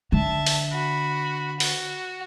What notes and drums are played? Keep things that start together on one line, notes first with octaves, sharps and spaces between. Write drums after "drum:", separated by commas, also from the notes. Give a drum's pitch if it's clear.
D3 E5 A5
drum: open hi-hat
F#4 B5
F#4, drum: open hi-hat